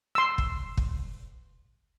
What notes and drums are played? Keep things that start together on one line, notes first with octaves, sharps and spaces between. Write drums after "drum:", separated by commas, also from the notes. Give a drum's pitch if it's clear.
C6 E6
drum: kick
drum: kick